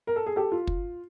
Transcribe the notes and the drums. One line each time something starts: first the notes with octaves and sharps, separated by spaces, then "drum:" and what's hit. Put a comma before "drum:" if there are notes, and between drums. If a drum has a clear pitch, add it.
A#4
A4
G#4
G4 A4
F4
drum: kick